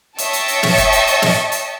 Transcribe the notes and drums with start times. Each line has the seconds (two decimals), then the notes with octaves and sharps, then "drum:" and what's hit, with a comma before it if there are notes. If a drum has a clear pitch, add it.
0.18 C#5 D#5 E5 G5 A5 C#6, drum: hi-hat
0.33 drum: hi-hat
0.48 drum: hi-hat
0.63 drum: snare
0.78 drum: kick, hi-hat
0.92 drum: hi-hat
1.07 drum: hi-hat
1.22 drum: snare
1.52 drum: hi-hat